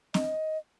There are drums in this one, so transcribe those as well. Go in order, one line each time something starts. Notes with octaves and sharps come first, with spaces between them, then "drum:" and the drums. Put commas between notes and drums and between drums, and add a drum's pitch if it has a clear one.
D#5, drum: snare C4